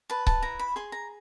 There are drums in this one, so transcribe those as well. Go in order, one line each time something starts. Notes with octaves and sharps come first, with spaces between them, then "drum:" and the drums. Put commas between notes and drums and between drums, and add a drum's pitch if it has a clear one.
B4 A5
A5, drum: kick C#1
E4 A#5
B5
G#4 C6
A#5